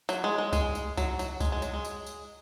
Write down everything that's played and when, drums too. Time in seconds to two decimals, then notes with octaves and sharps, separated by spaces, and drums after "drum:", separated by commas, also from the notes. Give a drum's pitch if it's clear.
0.09 F#3, drum: tambourine
0.24 G#3
0.38 G#3
0.53 G#3, drum: kick C2, tambourine
0.75 drum: tambourine
0.97 F#3, drum: kick C2, tambourine
1.19 F#3, drum: tambourine
1.40 G#3, drum: kick C2, tambourine
1.52 G#3
1.62 F#3, drum: tambourine
1.74 G#3
1.85 drum: tambourine
2.07 drum: tambourine